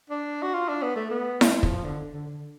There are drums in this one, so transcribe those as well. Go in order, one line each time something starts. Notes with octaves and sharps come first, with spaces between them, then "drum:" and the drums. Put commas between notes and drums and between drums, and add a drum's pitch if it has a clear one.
D4
F#4
F4
D4
B3
A3
B3
G#3, drum: snare E4
F3, drum: kick
D3
D3
D3